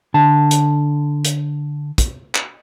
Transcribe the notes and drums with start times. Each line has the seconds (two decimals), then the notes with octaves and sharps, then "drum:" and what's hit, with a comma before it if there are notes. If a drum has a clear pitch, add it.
0.14 D3 A5
0.51 drum: hi-hat
1.25 drum: hi-hat
1.98 drum: kick, hi-hat
2.35 drum: clap